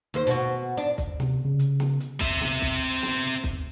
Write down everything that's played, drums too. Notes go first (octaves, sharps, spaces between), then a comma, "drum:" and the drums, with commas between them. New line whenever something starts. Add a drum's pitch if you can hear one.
D#2 C5
B2 F#4
D4, drum: hi-hat
drum: kick, hi-hat
C3, drum: snare
C#3
drum: hi-hat
drum: snare
drum: hi-hat
C4 E5, drum: kick, hi-hat
drum: snare
drum: kick, hi-hat
drum: hi-hat
drum: snare
drum: hi-hat
drum: kick, hi-hat